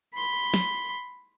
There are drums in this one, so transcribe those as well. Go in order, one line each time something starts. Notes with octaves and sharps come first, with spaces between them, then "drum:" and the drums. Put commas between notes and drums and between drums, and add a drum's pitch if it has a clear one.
B5 C6
drum: snare